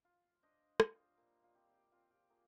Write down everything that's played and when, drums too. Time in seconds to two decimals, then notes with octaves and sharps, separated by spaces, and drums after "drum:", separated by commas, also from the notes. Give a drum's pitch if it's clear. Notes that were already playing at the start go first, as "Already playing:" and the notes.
0.05 F4
0.43 D4 C5 D#5
0.80 G3 F4, drum: rim click
1.17 A#2
1.44 F4
1.55 C4 G4
1.74 G4
1.92 C4 F4
2.11 G4
2.30 A#3 F4 G#4